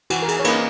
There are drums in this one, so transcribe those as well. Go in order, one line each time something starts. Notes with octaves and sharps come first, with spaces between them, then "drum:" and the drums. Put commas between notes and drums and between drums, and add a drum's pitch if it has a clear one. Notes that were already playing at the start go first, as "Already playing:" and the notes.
E3 F#4, drum: cymbal
A#4
G#4, drum: cymbal
C#5
A#3 D#4 B4, drum: cymbal